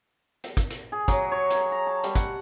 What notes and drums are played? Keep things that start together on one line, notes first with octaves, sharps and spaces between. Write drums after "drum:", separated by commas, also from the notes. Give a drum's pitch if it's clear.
drum: hi-hat
drum: kick, hi-hat
drum: hi-hat
G#4
F#3, drum: kick, hi-hat
C#5
drum: hi-hat
A#5
A5
G3, drum: hi-hat
F#5, drum: kick, hi-hat